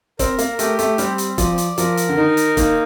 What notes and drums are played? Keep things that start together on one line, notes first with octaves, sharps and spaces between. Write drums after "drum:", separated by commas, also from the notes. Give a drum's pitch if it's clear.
C4 A#4, drum: kick, hi-hat
A#3, drum: hi-hat
A3 G4, drum: hi-hat
A3, drum: hi-hat
G3 C4, drum: hi-hat
drum: hi-hat
F3 D5, drum: kick, hi-hat
drum: hi-hat
F3 A#4, drum: hi-hat
drum: hi-hat
D3
D#3 D#4
drum: hi-hat
D#3 A#3, drum: kick, hi-hat